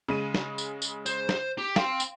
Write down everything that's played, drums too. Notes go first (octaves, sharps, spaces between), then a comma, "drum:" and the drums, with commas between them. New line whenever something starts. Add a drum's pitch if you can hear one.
C#3 G#3 D#7
drum: snare
drum: tambourine
drum: tambourine
C5, drum: tambourine
drum: snare
G4
F5 G5 C6, drum: snare
drum: tambourine